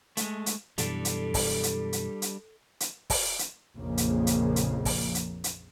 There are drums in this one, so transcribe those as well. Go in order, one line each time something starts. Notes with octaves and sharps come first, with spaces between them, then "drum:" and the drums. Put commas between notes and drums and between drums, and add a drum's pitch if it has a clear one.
G#3 A3, drum: hi-hat
drum: hi-hat
F#2 B2 E3 G3 D4 A4, drum: hi-hat
drum: hi-hat
drum: kick, open hi-hat
drum: hi-hat
drum: hi-hat
drum: hi-hat
drum: hi-hat
drum: kick, open hi-hat
drum: hi-hat
A#1 F2 C#3 F3 A#3
drum: hi-hat
drum: hi-hat
drum: hi-hat
drum: kick, open hi-hat
drum: hi-hat
drum: hi-hat